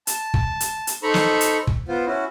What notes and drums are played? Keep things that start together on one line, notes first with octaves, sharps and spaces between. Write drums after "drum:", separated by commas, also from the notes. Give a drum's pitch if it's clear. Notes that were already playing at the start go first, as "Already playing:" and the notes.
A5, drum: hi-hat
drum: kick
drum: hi-hat
drum: hi-hat
D#4 A4 C5 A#5 B5 C#6
drum: snare
drum: hi-hat
drum: kick
B3 F4 C5
C#4 E4 F#4